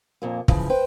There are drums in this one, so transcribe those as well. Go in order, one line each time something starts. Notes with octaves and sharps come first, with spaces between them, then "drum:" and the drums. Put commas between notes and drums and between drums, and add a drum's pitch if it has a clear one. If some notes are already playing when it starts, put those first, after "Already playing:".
F2 A#2 A#3
C#3 E3 F3, drum: kick
B4 C5 G5